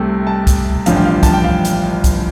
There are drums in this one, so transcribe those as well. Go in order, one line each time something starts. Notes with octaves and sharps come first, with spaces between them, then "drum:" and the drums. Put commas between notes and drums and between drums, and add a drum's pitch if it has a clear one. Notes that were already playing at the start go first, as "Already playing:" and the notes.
Already playing: C2 C3 A3
A5
drum: kick, hi-hat
A1 G2 D3 F3 F5, drum: hi-hat
G5
F5
A5, drum: kick, hi-hat
G5
F5
drum: hi-hat
drum: kick, hi-hat